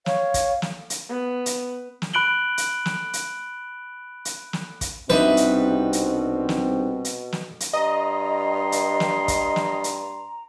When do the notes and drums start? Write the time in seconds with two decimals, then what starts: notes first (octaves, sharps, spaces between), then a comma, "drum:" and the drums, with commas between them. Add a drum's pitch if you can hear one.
0.06 C#5 F5, drum: snare
0.34 drum: kick, hi-hat
0.62 drum: snare
0.90 drum: hi-hat
1.09 B3
1.46 drum: hi-hat
2.02 drum: snare
2.14 B5 F#6 D7 F#7 G7
2.58 drum: hi-hat
2.86 drum: snare
3.13 drum: hi-hat
4.25 drum: hi-hat
4.53 drum: snare
4.81 drum: kick, hi-hat
5.10 C2 B2 C4 D4 D#4 B4 E5, drum: snare
5.37 drum: hi-hat
5.93 drum: hi-hat
6.49 drum: snare
7.05 drum: hi-hat
7.32 drum: snare
7.60 drum: hi-hat
7.73 G2 D#5 A#5 C6
8.72 drum: hi-hat
9.00 drum: snare
9.28 drum: kick, hi-hat
9.56 drum: snare
9.84 drum: hi-hat